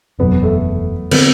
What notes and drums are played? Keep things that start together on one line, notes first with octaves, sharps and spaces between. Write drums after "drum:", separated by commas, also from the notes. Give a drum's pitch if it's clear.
F#1 E2 B2 F#3 B3
A3
D3 G3 B3 C4, drum: cymbal